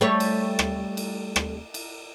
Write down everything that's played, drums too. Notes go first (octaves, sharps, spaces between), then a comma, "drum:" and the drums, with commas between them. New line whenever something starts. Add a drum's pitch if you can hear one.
G3 A3 C#5
drum: cymbal
drum: rim click
drum: cymbal
drum: rim click
drum: cymbal